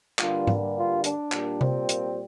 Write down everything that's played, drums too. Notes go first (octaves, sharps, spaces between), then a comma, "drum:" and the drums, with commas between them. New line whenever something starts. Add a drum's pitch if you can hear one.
G2 D3 G3 A#3 F4, drum: clap
drum: tom G#2
F4
D4, drum: hi-hat
A#2 G3 A#3, drum: clap
C4, drum: tom C3
drum: hi-hat